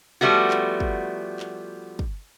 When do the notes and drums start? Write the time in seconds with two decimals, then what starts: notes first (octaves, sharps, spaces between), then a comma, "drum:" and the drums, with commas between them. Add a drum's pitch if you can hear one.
0.21 F3 G3 A3 B3 F#4
0.51 drum: clap
0.80 drum: kick
1.40 drum: clap
1.99 drum: kick